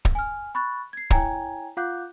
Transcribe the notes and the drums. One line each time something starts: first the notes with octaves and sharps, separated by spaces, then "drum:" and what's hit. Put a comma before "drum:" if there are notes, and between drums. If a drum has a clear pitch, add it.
drum: kick
G#5 F6
B5 C#6 F#6 A6
G#6 C7
E4 C#5 G5 G#5 A#5 G#6, drum: kick
F4 F5 F#5 D6 F#6 G6